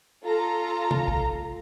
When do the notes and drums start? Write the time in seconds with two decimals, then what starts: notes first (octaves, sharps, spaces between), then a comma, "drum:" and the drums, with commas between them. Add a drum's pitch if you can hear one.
0.24 F4 A4 A#5
0.91 drum: tom
1.08 drum: kick